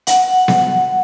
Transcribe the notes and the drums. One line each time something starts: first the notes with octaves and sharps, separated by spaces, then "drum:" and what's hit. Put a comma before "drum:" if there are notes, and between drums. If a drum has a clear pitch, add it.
F#5, drum: hi-hat
drum: snare B3